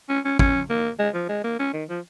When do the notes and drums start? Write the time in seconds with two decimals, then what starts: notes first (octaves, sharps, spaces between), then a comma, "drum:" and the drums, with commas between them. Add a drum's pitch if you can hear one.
0.09 C#4
0.25 C#4
0.39 C#4, drum: kick
0.70 A#3
0.99 G#3
1.14 F3
1.29 G#3
1.44 A#3
1.59 C#4
1.73 D#3
1.89 F3